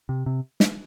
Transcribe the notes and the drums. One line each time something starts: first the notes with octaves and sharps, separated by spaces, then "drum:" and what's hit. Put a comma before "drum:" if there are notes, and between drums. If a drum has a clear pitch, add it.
C3
C3
drum: snare